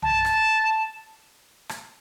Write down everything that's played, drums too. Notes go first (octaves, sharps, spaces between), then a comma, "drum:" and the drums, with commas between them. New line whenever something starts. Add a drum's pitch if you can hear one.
A5, drum: tom B1
drum: rim click
drum: rim click